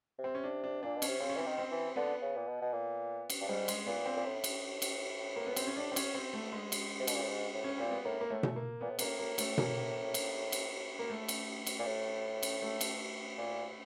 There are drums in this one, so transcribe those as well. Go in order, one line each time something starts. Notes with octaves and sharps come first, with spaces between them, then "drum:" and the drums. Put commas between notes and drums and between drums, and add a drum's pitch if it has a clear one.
C3
C4
C#4
D4
D4
A#2 D4
B2
C#4, drum: cymbal
C3
C#3 C4
C#4
E3 C4
D#3
C4
E3
D3 B3
C#3
A#2
B2
B2
A#2
drum: cymbal
G2
G#2 G3
G#3, drum: cymbal
A#2 B3
C4
A#2
A2
drum: cymbal
drum: cymbal
A#3
B3
C4, drum: cymbal
C#4
D4
C4
C#4, drum: cymbal
C4
A3
G#3
drum: cymbal
C3
B2, drum: cymbal
A#2
A2
G#2
A2
C#4
A#2 C4
B3
A2 A#3
A#3
A2 A3
drum: tom B2
A#3
A#2 B3
A2
G#2 A#3, drum: cymbal
A2
A#3
A3, drum: cymbal
A#3, drum: tom B2
drum: cymbal
drum: cymbal
A#3
A3
drum: cymbal
drum: cymbal
A#2
A2
drum: cymbal
A3
drum: cymbal
A#2